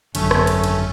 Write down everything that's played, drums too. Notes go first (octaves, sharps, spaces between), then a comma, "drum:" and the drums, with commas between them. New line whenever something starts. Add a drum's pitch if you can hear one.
G#1 F#2 D3 A3 C#4, drum: cymbal
drum: rim click
drum: cymbal
drum: cymbal